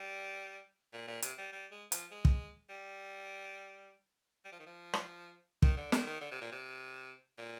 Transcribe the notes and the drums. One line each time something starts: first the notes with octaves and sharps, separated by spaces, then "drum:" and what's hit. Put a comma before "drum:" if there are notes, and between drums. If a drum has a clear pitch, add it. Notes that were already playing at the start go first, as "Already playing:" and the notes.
Already playing: G3
A#2
A#2
C3, drum: hi-hat
G3
G3
G#3
F3, drum: hi-hat
G#3
drum: kick
G3
G3
F3
D#3
F3
drum: rim click
D#3, drum: kick
D3
D#3, drum: snare
D#3
D3
C3
A#2
C3
A#2